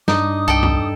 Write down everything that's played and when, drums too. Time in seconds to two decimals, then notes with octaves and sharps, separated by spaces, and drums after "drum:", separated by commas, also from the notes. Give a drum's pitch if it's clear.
0.08 G2 D4 D#4 D6 D#6, drum: snare
0.48 C2 A4 G5
0.63 drum: tom E2